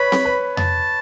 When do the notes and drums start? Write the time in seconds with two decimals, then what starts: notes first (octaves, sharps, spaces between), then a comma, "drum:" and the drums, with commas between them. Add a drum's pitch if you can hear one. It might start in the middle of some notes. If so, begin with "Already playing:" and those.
Already playing: B4 C#5 B5
0.12 drum: snare C4
0.25 B4
0.57 A5, drum: tom F2